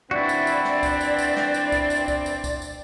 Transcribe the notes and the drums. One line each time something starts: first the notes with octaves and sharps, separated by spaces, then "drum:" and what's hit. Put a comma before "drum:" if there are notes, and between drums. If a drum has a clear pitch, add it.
E3 C4 D4 E4 F#4 D5
drum: tambourine
drum: tambourine
drum: snare
drum: kick, tambourine
drum: tambourine
drum: tambourine
drum: snare
drum: tambourine
drum: kick, tambourine
drum: tambourine
drum: kick, tambourine
drum: tambourine
drum: kick, tambourine
drum: tambourine